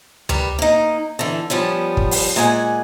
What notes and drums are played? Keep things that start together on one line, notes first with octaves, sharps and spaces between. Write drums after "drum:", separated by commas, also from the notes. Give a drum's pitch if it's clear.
G3 A#4 B4, drum: tom D2
A#3 D#4
D3 E3
F3 G3 B3 C#4
drum: kick
drum: open hi-hat
A#2 G#3 F#5 G#5